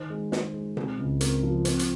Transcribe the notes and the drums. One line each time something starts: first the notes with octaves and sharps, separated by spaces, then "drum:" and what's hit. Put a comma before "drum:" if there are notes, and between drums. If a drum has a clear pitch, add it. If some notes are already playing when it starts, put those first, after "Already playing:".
Already playing: D#3 D#4 C5
G#3
G#3 C5, drum: snare
G#3
C4, drum: tom B2
C#2
C4 A#4, drum: hi-hat
F3
C4, drum: hi-hat
drum: hi-hat